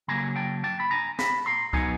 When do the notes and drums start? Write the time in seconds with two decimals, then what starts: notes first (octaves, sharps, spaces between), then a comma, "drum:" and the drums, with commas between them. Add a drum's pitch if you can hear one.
0.08 C#3 F#3 A#3 G#5 A#5
0.36 G5 A5
0.64 G5 A5
0.80 B5
0.91 G#5 A#5
1.19 A5 B5, drum: snare
1.46 A#5 C6
1.73 B2 F#3 B3 D#4 G#5 A#5, drum: kick C2